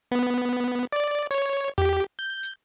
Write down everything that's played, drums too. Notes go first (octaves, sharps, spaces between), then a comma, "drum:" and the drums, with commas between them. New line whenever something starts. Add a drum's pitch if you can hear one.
B3
D5
C#5, drum: open hi-hat
G4, drum: tom E2
G6
drum: hi-hat